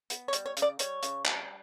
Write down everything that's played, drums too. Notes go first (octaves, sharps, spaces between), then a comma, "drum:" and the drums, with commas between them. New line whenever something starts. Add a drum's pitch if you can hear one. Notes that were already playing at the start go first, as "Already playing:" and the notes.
B3, drum: hi-hat
C#5
G3, drum: hi-hat
C#5
C#3, drum: hi-hat
D5
G3 C#5, drum: hi-hat
C#3, drum: hi-hat
G3, drum: clap